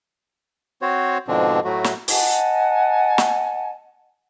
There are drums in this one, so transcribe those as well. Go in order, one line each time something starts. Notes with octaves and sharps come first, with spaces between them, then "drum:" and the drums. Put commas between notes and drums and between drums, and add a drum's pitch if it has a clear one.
C4 F#4 C5 C#5
G#2 B2 D3 F3 C4 D4
A2 F#3 A3 F#4
drum: snare
D#5 F#5 G#5 A5, drum: open hi-hat
drum: snare